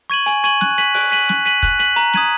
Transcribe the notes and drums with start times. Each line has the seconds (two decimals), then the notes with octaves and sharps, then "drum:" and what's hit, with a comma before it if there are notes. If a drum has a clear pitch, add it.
0.10 C#6 G#6 D#7 F#7
0.26 G#5, drum: hi-hat
0.44 C#6 G#6 D#7 F#7, drum: hi-hat
0.61 F#6, drum: snare
0.78 B6 D#7 F#7, drum: hi-hat
0.95 F#6, drum: open hi-hat
1.12 B6 D#7 F#7, drum: hi-hat
1.29 F#6, drum: snare
1.45 B6 D#7 F#7, drum: hi-hat
1.63 F#6, drum: kick, hi-hat
1.79 B6 D#7 F#7, drum: hi-hat
1.96 A#5, drum: hi-hat
2.13 D#6 G#6 D#7 F#7, drum: snare